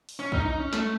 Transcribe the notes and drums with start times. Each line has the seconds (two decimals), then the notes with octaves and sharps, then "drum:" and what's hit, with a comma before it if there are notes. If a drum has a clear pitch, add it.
0.09 drum: open hi-hat
0.19 C#4
0.32 D#4, drum: kick
0.45 D#4
0.60 C#4
0.73 A3, drum: snare